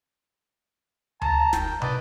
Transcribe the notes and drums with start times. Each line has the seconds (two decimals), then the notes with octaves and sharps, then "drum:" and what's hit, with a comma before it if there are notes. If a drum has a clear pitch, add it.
1.22 A5 A#5, drum: tom D2
1.53 D#3 G5, drum: snare
1.82 B4 D5 D#5, drum: tom